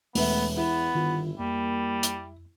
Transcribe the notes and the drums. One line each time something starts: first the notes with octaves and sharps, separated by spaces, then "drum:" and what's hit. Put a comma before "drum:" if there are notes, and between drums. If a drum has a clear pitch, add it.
E1 A3 B3 B4 E5, drum: open hi-hat
E2 B3 E4
G1 D#3 F4
F2 G3 A#3
drum: hi-hat